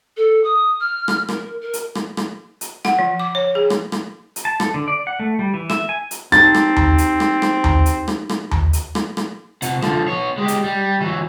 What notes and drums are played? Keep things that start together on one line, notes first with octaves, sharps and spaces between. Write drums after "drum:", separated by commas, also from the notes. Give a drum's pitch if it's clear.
A4
D#6
F6
drum: rim click
A#4, drum: rim click
A#4
drum: hi-hat
drum: rim click
drum: rim click
drum: hi-hat
F#5, drum: rim click
F3
D6
C#5
G#4
drum: rim click
drum: rim click
drum: hi-hat
A5
A4, drum: rim click
D3
D5
F#5
A3
G3
E3
E5, drum: rim click
G#5
drum: hi-hat
C4 D#4 G4 A5 A6, drum: rim click
drum: rim click
drum: tom D#2
drum: hi-hat
drum: rim click
drum: rim click
drum: tom D#2
drum: hi-hat
drum: rim click
drum: rim click
drum: tom D#2
drum: hi-hat
drum: rim click
drum: rim click
C3 F#5, drum: hi-hat
D3 F3, drum: rim click
B3 C#5
G#3 G4
drum: hi-hat
G3
E3 F#3